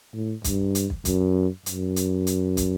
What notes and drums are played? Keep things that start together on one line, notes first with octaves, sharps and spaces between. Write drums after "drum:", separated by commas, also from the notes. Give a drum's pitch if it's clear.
A2
G2, drum: kick, hi-hat
drum: hi-hat
drum: kick
F#2, drum: kick, hi-hat
F#2, drum: hi-hat
drum: hi-hat
drum: hi-hat
drum: kick, hi-hat